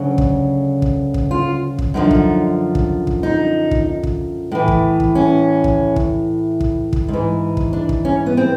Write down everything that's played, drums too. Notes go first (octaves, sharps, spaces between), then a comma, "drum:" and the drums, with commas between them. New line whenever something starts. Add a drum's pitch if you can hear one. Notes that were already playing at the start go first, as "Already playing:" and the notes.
Already playing: D2 C#3 F#3
drum: kick
drum: kick
drum: kick
F4
drum: kick
F#2 D3 F3 D#4
drum: kick
drum: kick
drum: kick
D#4
drum: kick
drum: kick
A2 E3
drum: kick
drum: kick
C#4
drum: kick
drum: kick
drum: kick
drum: kick
G#2
E3
drum: kick
D4
drum: kick
C#4
B3
C4